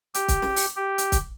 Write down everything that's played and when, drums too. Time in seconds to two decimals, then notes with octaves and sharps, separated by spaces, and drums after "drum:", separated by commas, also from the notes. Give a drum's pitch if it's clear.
0.14 G4, drum: hi-hat
0.28 drum: kick, hi-hat
0.42 drum: snare
0.56 drum: open hi-hat
0.76 G4
0.98 drum: hi-hat
1.12 drum: kick, hi-hat